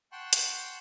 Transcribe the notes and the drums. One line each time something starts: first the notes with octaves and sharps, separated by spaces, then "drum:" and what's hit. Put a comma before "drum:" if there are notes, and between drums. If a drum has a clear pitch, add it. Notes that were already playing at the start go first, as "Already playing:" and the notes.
F#5 G5 A5 C6 C#6 F#6
drum: hi-hat